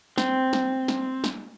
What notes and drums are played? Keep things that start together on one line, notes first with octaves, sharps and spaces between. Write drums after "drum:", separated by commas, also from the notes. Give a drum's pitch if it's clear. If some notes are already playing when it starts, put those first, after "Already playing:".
C4, drum: snare
drum: snare
drum: snare
drum: snare